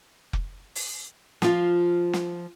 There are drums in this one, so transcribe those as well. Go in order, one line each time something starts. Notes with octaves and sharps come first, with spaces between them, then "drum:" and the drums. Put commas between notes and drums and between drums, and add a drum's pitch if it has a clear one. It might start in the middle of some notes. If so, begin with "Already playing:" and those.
drum: kick F1
drum: open hi-hat
F3 F4, drum: snare
drum: snare